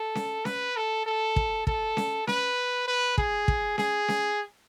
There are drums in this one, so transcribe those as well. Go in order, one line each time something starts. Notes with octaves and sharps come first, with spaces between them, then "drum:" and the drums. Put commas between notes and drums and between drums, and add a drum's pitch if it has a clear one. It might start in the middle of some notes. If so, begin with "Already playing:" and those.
Already playing: A4
drum: snare C#4
B4, drum: snare C#4
A4
A4
drum: kick
A4, drum: kick
drum: snare C#4
B4, drum: snare C#4
B4
G#4, drum: kick
drum: kick
G#4, drum: snare C#4
drum: snare C#4